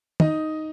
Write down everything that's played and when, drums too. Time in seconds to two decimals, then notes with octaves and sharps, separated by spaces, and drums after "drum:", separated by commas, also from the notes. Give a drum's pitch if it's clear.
0.20 D#4 D#5, drum: tom